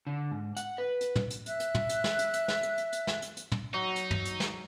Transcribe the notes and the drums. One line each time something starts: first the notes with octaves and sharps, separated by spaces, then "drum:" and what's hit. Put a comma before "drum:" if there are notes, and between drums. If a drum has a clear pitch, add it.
D3
G#2
F#5, drum: hi-hat
B4
drum: hi-hat
drum: tom
drum: hi-hat
E5 F#6, drum: hi-hat
drum: hi-hat
drum: tom
drum: hi-hat
drum: snare
drum: hi-hat
drum: hi-hat
drum: snare
drum: hi-hat
drum: hi-hat
drum: hi-hat
drum: snare
drum: hi-hat
drum: hi-hat
drum: tom
F#3 D#4
drum: hi-hat
drum: tom
drum: hi-hat
drum: snare